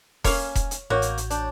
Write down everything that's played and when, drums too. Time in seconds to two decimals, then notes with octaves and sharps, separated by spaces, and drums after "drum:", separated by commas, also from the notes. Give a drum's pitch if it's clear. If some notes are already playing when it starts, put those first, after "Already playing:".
0.24 A#3 C#4 C#5 F5, drum: kick E1, open hi-hat
0.55 drum: kick E1, hi-hat
0.71 drum: hi-hat
0.90 A1 A#3 F#4 C#5 G6
1.02 drum: hi-hat
1.18 drum: hi-hat
1.30 D4, drum: hi-hat